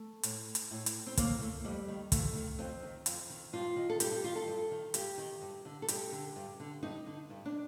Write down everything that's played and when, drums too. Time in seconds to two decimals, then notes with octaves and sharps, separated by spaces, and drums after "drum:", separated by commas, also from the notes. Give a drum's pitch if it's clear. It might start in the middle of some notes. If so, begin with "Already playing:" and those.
Already playing: A3
0.23 A2, drum: hi-hat
0.55 drum: hi-hat
0.71 A2
0.86 drum: hi-hat
1.07 C4
1.17 A2 A#3, drum: kick, hi-hat
1.41 A3
1.65 F2 G3
1.88 D#3
2.12 F2 A3, drum: kick, hi-hat
2.36 D#3
2.59 F2 C4
2.83 D#3
3.06 F2, drum: hi-hat
3.30 D#3
3.53 G2 F4
3.76 D#3
3.90 A4
4.00 G2 G4, drum: hi-hat
4.12 G4
4.24 D#3 F4
4.36 A4
4.48 G2
4.71 D#3
4.94 G2 G4, drum: hi-hat
5.18 D#3
5.42 G2
5.65 D3
5.82 A4
5.88 G2 G4, drum: hi-hat
6.12 D3
6.36 G2
6.60 D3
6.83 G2 D#4
7.06 D3
7.30 G2
7.46 D4